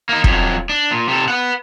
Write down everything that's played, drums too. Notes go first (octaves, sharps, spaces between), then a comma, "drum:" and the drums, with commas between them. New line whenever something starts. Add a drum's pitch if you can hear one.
A#3 D#4
F2 F#3, drum: kick
D4
A#2
C3 A4
B4 F#5